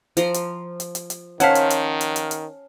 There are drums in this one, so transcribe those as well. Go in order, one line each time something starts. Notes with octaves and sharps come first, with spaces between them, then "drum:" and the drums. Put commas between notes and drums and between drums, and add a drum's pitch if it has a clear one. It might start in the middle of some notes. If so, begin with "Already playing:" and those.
F3 A#5 C6, drum: hi-hat
drum: hi-hat
drum: hi-hat
drum: hi-hat
drum: hi-hat
D#3 C#4 C5 C#5 F5 F#5 A5 B6, drum: hi-hat
drum: hi-hat
drum: hi-hat
drum: hi-hat
drum: hi-hat
drum: hi-hat